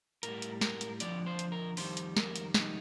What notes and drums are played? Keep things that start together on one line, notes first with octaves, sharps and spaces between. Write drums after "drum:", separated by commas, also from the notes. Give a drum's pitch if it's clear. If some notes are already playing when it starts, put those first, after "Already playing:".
A2 G3 A#4, drum: hi-hat
drum: hi-hat
A#4, drum: snare
drum: hi-hat
F2 D3 F3 D5, drum: hi-hat
C5
drum: hi-hat
A#4
F2 D#3 G3 C5, drum: open hi-hat
drum: hi-hat
A#4, drum: snare
drum: hi-hat
F2 C3 D#3 G3 D#4, drum: snare